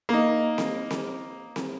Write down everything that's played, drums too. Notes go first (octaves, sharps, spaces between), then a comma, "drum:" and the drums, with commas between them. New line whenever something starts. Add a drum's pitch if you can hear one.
A#3 D#4
drum: snare C4
drum: snare C4
drum: snare C4